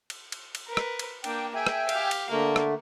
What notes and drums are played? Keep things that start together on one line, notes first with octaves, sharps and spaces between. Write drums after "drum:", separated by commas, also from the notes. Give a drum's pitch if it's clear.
drum: cymbal
drum: cymbal
drum: cymbal
A#4 B4
drum: rim click
drum: cymbal
A#3 D4 G5, drum: cymbal
G#4 E5 G5 G#5
drum: rim click
G4 F5, drum: cymbal
drum: cymbal
D3 A3 A#3
drum: rim click